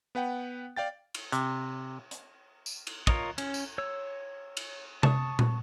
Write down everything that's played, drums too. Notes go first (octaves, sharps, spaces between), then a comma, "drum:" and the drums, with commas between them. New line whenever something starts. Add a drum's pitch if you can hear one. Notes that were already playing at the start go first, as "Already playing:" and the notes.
B3 B4 F#5 G5
D5 F5 G5 A6
drum: cymbal
C3, drum: hi-hat
drum: hi-hat
drum: tambourine
drum: cymbal
F4 A#4 C#5 D#5, drum: kick
C#4, drum: cymbal
drum: tambourine
C#5 E6
drum: cymbal
A5 C#6 D#6, drum: tom C3
drum: tom A#2